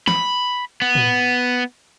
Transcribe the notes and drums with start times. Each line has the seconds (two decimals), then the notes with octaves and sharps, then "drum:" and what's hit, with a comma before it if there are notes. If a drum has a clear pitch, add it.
0.08 B5, drum: snare
0.82 B3
0.95 drum: tom A2